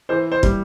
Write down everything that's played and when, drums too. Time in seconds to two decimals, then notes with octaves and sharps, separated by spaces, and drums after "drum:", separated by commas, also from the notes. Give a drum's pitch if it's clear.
0.09 E3 C5
0.32 C5
0.43 G3, drum: kick